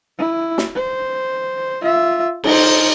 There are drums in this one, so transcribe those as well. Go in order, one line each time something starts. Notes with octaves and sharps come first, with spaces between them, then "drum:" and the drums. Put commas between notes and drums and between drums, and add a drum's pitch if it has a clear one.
E4
drum: snare
C5
F4 E5
D#4 C5, drum: cymbal